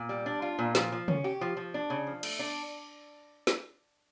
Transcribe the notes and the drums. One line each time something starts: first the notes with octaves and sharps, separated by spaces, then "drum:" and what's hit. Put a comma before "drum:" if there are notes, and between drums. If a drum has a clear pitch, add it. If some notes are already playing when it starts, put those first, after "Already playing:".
Already playing: A#2
G3
D4
F4
A#2
F3, drum: snare
F3
C#4, drum: tom
G4
F3
F3
D4
C#3
F3
A3, drum: cymbal
D4
drum: snare